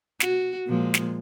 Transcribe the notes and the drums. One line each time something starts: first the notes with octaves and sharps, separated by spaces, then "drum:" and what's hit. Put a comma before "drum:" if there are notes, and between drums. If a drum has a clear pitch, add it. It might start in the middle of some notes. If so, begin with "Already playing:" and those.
F#4, drum: snare
A#2 F3 G#3
drum: snare